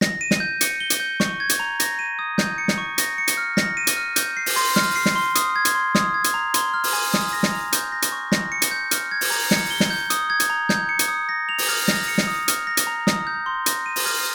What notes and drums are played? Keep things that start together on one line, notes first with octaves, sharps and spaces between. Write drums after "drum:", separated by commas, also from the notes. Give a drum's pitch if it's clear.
A#6, drum: snare
D#7
drum: snare
G6
C#7, drum: hi-hat
G7
drum: hi-hat
G6
C#6, drum: snare
G#6
drum: hi-hat
A#5
A#6, drum: hi-hat
D#7
D#6
G6, drum: snare
C#7
drum: snare
C#6
A#6, drum: hi-hat
C#7
drum: hi-hat
F6
A#6, drum: snare
D#7
drum: hi-hat
F6
G6, drum: hi-hat
C7
drum: open hi-hat
C6
F6, drum: snare
C7
drum: snare
C6
D#6, drum: hi-hat
G#6
drum: hi-hat
C6
D#6, drum: snare
G#6
drum: hi-hat
A#5
C6, drum: hi-hat
F6
drum: open hi-hat
G#5
D#6, drum: snare
A#6
drum: snare
A#5
G6, drum: hi-hat
A#6
drum: hi-hat
C#6
A#6, drum: snare
C#7
drum: hi-hat
G6
F6, drum: hi-hat
G#6
drum: open hi-hat
A#5
C#7, drum: snare
G7
drum: snare
G6
D#6, drum: hi-hat
G#6
drum: hi-hat
A#5
G6, drum: snare
C#7
drum: hi-hat
D#6
A#6
F7
drum: open hi-hat
F6
A#6, drum: snare
C#7
drum: snare
D#6
F6, drum: hi-hat
A#6
drum: hi-hat
A#5
D#6, drum: snare
G6
C6
A#6, drum: hi-hat
D#7
drum: open hi-hat
F6